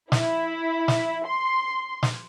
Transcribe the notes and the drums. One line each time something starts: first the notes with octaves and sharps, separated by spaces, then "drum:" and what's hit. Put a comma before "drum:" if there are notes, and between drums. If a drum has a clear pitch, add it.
E4, drum: snare
drum: snare
C6
drum: snare